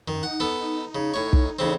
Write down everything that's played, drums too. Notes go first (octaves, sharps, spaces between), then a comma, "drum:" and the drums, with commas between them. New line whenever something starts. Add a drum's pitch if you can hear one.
F#2 D#3
D#4 F#5
B3 A4
C#3
A2 C#5
drum: kick
A1 C#3 C4